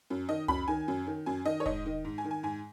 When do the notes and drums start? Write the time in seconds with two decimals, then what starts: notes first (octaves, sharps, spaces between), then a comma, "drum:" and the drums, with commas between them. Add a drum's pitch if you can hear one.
0.10 F#2
0.29 D#3 D#5
0.48 F#2 B5, drum: tom C#2
0.68 D#3 G#5
0.88 F#2
1.07 D#3
1.26 F#2 G#5
1.45 D#3 D#5
1.60 C#5
1.66 G#2 D#5, drum: kick E1
1.86 D#3
2.05 G#2
2.18 G#5
2.24 D#3
2.31 G#5
2.43 G#2 G#5